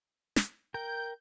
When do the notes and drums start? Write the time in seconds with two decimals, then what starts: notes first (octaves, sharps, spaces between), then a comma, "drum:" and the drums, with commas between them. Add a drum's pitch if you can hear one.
0.36 drum: snare
0.74 A#4 G5 G6